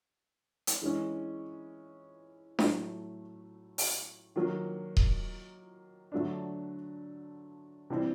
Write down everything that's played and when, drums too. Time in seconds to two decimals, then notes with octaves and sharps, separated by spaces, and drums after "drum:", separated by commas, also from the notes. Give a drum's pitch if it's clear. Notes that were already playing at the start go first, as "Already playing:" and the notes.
0.67 drum: hi-hat
0.81 E3 G#3 C#4
2.59 A2 F#3 A3, drum: snare D4
3.78 drum: open hi-hat
4.36 D#3 F#3 A#3
4.97 drum: kick D#1
6.12 D3 F#3 A3 D4
7.90 C3 E3 G3 C4